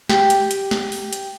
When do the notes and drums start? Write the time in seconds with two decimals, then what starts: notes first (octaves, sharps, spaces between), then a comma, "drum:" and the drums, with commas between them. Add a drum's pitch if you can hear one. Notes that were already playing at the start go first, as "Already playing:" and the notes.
0.09 G4, drum: snare
0.30 drum: hi-hat
0.51 drum: hi-hat
0.71 drum: snare
0.92 drum: open hi-hat
1.13 drum: hi-hat